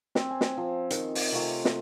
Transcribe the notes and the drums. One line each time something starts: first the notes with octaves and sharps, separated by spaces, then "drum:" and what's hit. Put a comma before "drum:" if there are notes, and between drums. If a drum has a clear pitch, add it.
C4, drum: snare
G#5
drum: snare
F3
D#3, drum: hi-hat
drum: open hi-hat
C3 A3 F4 C#6
drum: snare